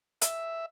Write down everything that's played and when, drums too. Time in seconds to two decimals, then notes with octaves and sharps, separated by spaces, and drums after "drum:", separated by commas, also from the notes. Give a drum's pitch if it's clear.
0.21 E5, drum: hi-hat